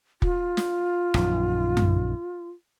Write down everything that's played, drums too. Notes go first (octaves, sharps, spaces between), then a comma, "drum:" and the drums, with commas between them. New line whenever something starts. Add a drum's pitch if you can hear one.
F4, drum: kick
drum: snare
A#1 F#2 D#3, drum: rim click
drum: tom F#2